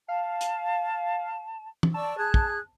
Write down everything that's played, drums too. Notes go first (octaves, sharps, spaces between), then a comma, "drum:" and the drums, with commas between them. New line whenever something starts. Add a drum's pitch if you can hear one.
F5 A5
drum: hi-hat
drum: tom
D5 A5 C#6 E6
G#4 F#6
drum: kick